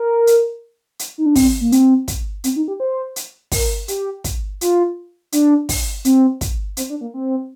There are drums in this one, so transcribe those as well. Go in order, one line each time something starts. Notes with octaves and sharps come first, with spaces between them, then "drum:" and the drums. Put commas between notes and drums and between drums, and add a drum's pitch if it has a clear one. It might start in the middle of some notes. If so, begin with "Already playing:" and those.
Already playing: A#4
drum: hi-hat
drum: hi-hat
D#4
D4
C4, drum: kick, open hi-hat
A#3
C4, drum: hi-hat
drum: kick, hi-hat
C4, drum: hi-hat
D#4
G4
C5
drum: hi-hat
A#4, drum: kick, open hi-hat
G4, drum: hi-hat
drum: kick, hi-hat
F4, drum: hi-hat
D4, drum: hi-hat
drum: kick, open hi-hat
C4, drum: hi-hat
drum: kick, hi-hat
C4, drum: hi-hat
D4
A#3
C4